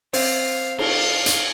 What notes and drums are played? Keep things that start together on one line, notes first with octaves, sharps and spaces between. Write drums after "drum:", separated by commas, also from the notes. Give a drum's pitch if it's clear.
C4 F5, drum: open hi-hat
F5, drum: cymbal
drum: hi-hat